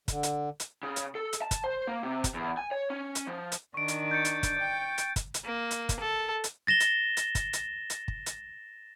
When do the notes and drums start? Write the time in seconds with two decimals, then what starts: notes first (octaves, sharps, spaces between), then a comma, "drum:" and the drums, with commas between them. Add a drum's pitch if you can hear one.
0.08 D3, drum: kick, hi-hat
0.23 drum: hi-hat
0.60 drum: hi-hat
0.83 C#3
0.96 drum: hi-hat
1.15 A4
1.33 drum: hi-hat
1.42 A5
1.51 drum: kick, hi-hat
1.64 C5
1.87 A#3
2.03 C3
2.24 drum: kick, hi-hat
2.34 E2
2.57 G#5
2.71 C#5
2.90 C#4
3.15 drum: hi-hat
3.27 F3
3.52 drum: hi-hat
3.74 D#3 D4 C#6 D7
3.88 drum: hi-hat
4.11 G6 A6 C#7
4.25 drum: hi-hat
4.43 drum: kick, hi-hat
4.58 G5
4.98 drum: hi-hat
5.16 drum: kick, hi-hat
5.34 drum: hi-hat
5.45 A#3
5.71 drum: hi-hat
5.89 drum: kick, hi-hat
6.00 A4
6.44 drum: hi-hat
6.67 A6 A#6 E7 G7
6.80 drum: hi-hat
7.17 drum: hi-hat
7.35 drum: kick, hi-hat
7.53 drum: hi-hat
7.90 drum: hi-hat
8.08 drum: kick
8.26 drum: hi-hat